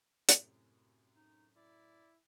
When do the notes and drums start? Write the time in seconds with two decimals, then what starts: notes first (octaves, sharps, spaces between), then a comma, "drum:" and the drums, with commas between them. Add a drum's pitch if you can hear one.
0.29 F#2 A2 C3, drum: hi-hat
1.16 D#4
1.56 E4 D5